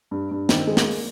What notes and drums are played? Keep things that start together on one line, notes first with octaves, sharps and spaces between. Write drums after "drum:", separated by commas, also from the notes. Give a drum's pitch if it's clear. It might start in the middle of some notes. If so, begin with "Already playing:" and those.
G2
G2
D#3 C4, drum: snare
G#3
A#3, drum: snare
drum: open hi-hat